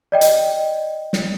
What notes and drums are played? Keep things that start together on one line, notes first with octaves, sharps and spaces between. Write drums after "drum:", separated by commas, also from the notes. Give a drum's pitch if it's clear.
D5 D#5 G5
drum: hi-hat
drum: snare